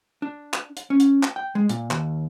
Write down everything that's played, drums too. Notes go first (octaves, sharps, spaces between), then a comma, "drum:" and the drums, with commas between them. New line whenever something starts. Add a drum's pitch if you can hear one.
D4
drum: clap
drum: hi-hat
C#4
drum: hi-hat
drum: clap
G5
G#3
A#2, drum: hi-hat
D#2, drum: clap